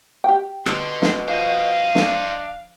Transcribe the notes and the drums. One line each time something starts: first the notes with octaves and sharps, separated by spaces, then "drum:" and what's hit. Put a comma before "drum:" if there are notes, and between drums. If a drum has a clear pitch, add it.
G4 G5
B2 D3 C6, drum: rim click
drum: snare
F3 C5 D#5 F5
D4, drum: snare